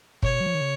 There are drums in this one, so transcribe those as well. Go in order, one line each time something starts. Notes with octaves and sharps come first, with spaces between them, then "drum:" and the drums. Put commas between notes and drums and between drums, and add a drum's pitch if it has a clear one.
B2 C#5, drum: kick G1
F#3
F3
D#3
C#3